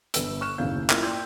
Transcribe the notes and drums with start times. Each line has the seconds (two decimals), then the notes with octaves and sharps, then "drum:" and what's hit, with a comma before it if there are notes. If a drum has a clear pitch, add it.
0.14 G1 B4 E6, drum: hi-hat
0.41 C#6 F6 F#6 E7
0.58 F#1 D#2 A2 C#4 F5 G6
0.90 A#3 E4 F4, drum: clap
1.03 D5 G5 C6 E6 G6 G#6